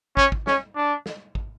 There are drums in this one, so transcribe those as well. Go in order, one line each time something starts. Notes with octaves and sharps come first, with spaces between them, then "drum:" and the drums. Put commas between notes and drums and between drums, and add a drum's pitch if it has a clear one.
C#4, drum: kick
drum: kick
C#4, drum: snare
D4
drum: snare
drum: kick